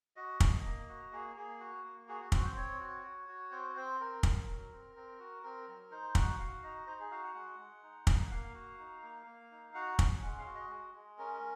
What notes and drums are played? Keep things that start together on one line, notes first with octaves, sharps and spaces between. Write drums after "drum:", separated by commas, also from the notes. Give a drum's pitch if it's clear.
F#4 D#5
A#3, drum: kick
A#3
F#4
A#3 G#4
A#3 G#4
F#4
A#3
F#4 G#4
F#4
C4 F#4, drum: kick
C5
C4 C#5
F#4
F#4
F#4
C4 C5
C4 C5
C4 A#4
C4, drum: kick
F#3
C4
C4
F#4
C4 A#4
F#3
D#4 C5
F#4 F#5, drum: kick
F#4 F5
D#4 D#5
D#4 C5
G#4
F#4 F5
F#5
G#3 F#5
G#3
D#4
A#3, drum: kick
A#3 F5
F#4
D#4
A#3
A#3
D#4
F#4 F#5
C#4, drum: kick
G#3 F#5
F5
F#4
D#5
G#3
G#3
C#4 A#4